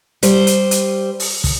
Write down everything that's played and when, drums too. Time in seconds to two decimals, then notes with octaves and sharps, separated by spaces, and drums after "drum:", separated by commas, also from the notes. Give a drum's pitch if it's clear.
0.23 G3 C5, drum: hi-hat
0.47 drum: hi-hat
0.71 drum: hi-hat
1.20 drum: open hi-hat
1.44 drum: kick, open hi-hat